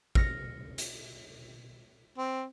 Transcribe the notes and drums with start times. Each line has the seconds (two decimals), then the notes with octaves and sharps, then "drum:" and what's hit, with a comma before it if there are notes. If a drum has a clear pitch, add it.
0.15 F6 A#6 C#7, drum: kick A1
0.78 drum: hi-hat
2.18 C4